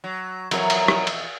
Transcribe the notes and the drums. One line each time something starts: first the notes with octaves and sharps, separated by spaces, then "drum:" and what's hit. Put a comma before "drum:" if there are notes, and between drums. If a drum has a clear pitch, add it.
F#3
F2 B2 E3 F#3 A#4 C#5, drum: cymbal
drum: cymbal
drum: rim click
drum: cymbal